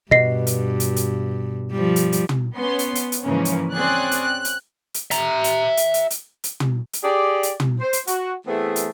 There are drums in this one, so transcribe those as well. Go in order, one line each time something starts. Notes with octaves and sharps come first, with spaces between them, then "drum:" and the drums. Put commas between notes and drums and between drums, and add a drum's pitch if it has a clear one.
G2 B2 D#5 C7
drum: hi-hat
drum: hi-hat
drum: hi-hat
F3 G3
drum: hi-hat
drum: hi-hat
drum: tom
B3 C#4 C6
drum: hi-hat
drum: hi-hat
drum: hi-hat
G#2 C#3 E3 F3 A#3 C#4
drum: hi-hat
C4 C#4 G#4 D5 F#6
drum: hi-hat
F#6
drum: hi-hat
drum: hi-hat
E5 A#5, drum: hi-hat
drum: hi-hat
drum: hi-hat
drum: hi-hat
drum: hi-hat
drum: hi-hat
drum: tom
drum: hi-hat
G4 G#4 D5
drum: hi-hat
drum: tom
C5
drum: hi-hat
F#4, drum: hi-hat
E3 A3 B3 C4 E4 G#4
drum: hi-hat